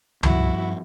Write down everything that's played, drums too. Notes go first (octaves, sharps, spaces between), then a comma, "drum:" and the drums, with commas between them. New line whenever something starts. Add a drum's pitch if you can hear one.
G2 F3 E4 F#4, drum: tom C#2